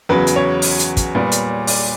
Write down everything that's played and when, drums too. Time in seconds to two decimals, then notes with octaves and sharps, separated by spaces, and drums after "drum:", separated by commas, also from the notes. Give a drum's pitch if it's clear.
0.09 E2 C#3 F#3 B4
0.27 drum: hi-hat
0.36 C#5
0.62 drum: open hi-hat
0.79 drum: hi-hat
0.97 drum: kick, hi-hat
1.15 A#2 G3 B3
1.32 drum: hi-hat
1.67 D5, drum: open hi-hat